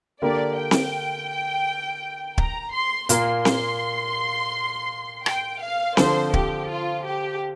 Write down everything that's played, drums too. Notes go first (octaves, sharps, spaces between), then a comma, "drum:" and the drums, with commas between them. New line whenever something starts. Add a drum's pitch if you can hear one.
D3 A#3 G4 A#4 D5
G5
drum: snare C4
A#5, drum: kick
C6
A#2 A#3 F4 A#4 C6, drum: hi-hat
C6, drum: snare C4
G5, drum: rim click
F5
D3 F3 C4 C5, drum: snare C4
G4, drum: kick
F4
G4